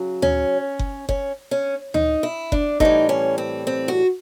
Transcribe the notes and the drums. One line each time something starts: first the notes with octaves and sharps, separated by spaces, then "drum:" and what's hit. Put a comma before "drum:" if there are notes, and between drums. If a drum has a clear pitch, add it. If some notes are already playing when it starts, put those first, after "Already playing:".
Already playing: C#3 F#3
C#4, drum: tom D2
drum: kick F#1
C#4, drum: kick F#1
C#4
D#4, drum: tom D2
E4
D4, drum: kick F#1
A2 E3 G3 D#4, drum: kick F#1
C#4
C4
C4
F#4